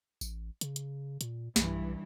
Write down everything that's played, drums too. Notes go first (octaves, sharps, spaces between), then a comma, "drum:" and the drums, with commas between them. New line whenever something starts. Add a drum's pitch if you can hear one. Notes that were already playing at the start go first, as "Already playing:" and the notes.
A1, drum: tambourine
C#3, drum: hi-hat
drum: hi-hat
A#2, drum: hi-hat
B1 G2 E3, drum: snare